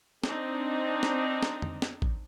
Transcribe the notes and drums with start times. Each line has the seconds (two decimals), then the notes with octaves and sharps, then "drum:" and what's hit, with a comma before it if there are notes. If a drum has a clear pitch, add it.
0.24 C4 D4 D#4, drum: snare
1.03 drum: snare
1.43 drum: snare
1.62 drum: tom
1.82 drum: snare
2.02 drum: kick